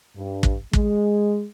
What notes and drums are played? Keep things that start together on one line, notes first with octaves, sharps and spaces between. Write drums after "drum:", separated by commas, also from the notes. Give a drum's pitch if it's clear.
G2
drum: kick
G#3, drum: kick